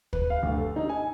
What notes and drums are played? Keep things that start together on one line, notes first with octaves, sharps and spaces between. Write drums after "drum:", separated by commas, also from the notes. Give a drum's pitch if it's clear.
B4, drum: kick
F5
D2
A4
D#4
G#5